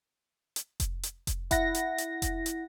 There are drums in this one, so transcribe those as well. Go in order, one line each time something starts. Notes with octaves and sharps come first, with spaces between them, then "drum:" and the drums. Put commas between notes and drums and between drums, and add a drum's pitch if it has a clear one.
drum: hi-hat
drum: kick F1, hi-hat
drum: hi-hat
drum: kick F1, hi-hat
E4 F#5 A#6, drum: kick F1, hi-hat
drum: hi-hat
drum: hi-hat
drum: kick F1, hi-hat
drum: hi-hat